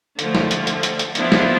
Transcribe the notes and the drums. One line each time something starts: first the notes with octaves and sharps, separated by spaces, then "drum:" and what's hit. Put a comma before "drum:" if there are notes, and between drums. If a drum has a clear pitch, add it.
D3 F3 A3, drum: hi-hat
drum: snare
drum: hi-hat
drum: hi-hat
drum: hi-hat
drum: hi-hat
F3 B3 D4 E4, drum: hi-hat
drum: snare